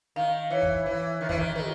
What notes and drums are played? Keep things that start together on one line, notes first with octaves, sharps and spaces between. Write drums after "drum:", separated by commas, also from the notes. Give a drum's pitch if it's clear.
D#3 F5
E3 C#5
drum: kick
E3
D#3
E3, drum: kick
D#3
D#3, drum: tom